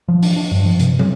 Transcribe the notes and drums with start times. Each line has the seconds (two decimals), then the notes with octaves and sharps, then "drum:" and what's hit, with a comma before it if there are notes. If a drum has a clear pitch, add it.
0.08 F3
0.23 D4, drum: open hi-hat
0.37 D4
0.51 G2
0.65 F3
0.79 C3, drum: hi-hat
0.99 drum: tom